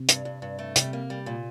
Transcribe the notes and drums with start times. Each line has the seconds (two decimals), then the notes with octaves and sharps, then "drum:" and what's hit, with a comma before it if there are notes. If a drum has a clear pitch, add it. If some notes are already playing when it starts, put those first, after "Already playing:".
Already playing: C3
0.09 G2, drum: hi-hat
0.25 G2
0.42 G2
0.59 A3
0.76 C3 G3, drum: hi-hat
0.93 A#3
1.10 G3
1.26 A#2